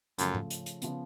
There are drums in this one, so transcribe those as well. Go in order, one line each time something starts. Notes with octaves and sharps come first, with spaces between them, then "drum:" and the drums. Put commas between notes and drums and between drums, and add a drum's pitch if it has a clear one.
F#2 C#3 F3 A3, drum: hi-hat
drum: tom G#2
drum: hi-hat
drum: hi-hat
C#3 F3 B3, drum: hi-hat